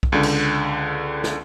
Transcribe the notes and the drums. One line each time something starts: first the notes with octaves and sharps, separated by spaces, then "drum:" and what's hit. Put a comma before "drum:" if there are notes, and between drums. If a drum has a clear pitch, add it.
drum: kick B1
C#2 D3
drum: cymbal
drum: snare